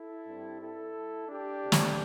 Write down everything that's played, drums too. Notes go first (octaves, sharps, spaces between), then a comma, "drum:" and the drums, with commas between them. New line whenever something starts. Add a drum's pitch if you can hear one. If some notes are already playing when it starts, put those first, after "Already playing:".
Already playing: E4 A4
G2 G3 C4
E4 A4
D4 G4
D2 C3 A3
drum: snare